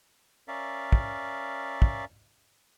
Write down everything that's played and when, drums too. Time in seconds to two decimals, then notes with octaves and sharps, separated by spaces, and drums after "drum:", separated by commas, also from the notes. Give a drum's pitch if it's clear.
0.48 C#4 A#4 D5 E5 F5
0.92 drum: kick
1.82 drum: kick